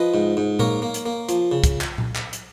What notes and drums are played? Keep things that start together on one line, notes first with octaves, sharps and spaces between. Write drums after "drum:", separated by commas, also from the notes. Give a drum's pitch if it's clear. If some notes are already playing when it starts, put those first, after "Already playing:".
Already playing: F3 B4 D#5
G#2
G#2
A#3 A#4 C#5, drum: tom A#2
A#3
drum: hi-hat
A#3
F3, drum: hi-hat
C#3
drum: kick, hi-hat
drum: clap
drum: tom A#2
drum: clap
drum: hi-hat